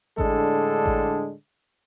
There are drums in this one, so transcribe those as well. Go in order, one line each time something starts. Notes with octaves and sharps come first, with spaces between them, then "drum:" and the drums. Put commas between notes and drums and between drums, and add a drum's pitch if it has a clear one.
A2 D3 G#3 D4 A4, drum: kick G#1
drum: kick G#1